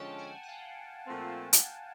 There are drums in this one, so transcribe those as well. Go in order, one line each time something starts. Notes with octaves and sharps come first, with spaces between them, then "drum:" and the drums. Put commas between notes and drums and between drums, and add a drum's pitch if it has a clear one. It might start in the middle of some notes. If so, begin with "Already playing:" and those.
Already playing: D3 F3 G#3 C#4 G5 A5
F#5 G#5
F#5
F5 G5
A#2 F3 A3 C4
drum: hi-hat